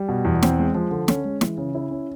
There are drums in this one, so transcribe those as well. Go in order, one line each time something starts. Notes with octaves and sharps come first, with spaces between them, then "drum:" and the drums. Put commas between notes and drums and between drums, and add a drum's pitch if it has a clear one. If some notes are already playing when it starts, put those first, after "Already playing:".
Already playing: G3
B2
E2
C4, drum: snare
G#3
F3
D3
C#4, drum: snare
G#3
E3, drum: snare
C#3
E4
C#4